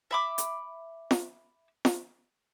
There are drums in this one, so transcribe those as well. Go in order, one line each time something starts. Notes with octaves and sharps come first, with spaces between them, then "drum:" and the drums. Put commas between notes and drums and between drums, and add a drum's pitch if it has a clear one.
E5 B5 D6
drum: hi-hat
drum: snare F4
drum: snare F4